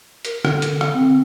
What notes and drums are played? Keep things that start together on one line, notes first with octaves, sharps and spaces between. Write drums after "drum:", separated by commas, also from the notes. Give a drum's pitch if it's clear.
A#4, drum: hi-hat
D3, drum: rim click
drum: hi-hat
drum: rim click
C4